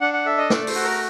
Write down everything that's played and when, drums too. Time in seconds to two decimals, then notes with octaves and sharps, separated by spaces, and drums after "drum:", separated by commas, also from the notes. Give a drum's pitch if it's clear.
0.01 D4 F#5
0.13 F#5
0.26 A4 E5
0.38 D#5
0.50 A3 D5, drum: snare
0.67 C5, drum: open hi-hat
0.75 F#4
0.83 A#4